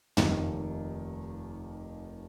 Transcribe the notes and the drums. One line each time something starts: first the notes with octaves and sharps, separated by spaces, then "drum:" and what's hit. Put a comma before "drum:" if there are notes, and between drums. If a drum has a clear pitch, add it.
F1 D#2 D#3 A#3, drum: tom